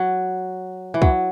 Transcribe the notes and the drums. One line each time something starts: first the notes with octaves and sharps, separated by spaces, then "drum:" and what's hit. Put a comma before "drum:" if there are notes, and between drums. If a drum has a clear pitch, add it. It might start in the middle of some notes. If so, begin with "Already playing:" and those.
Already playing: F#3
E3
F#3, drum: kick